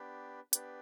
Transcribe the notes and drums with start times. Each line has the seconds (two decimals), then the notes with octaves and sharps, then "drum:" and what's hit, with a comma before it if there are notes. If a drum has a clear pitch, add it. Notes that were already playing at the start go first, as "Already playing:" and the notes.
Already playing: B3 D4 G4 B4
0.53 B3 D4 G4 B4, drum: hi-hat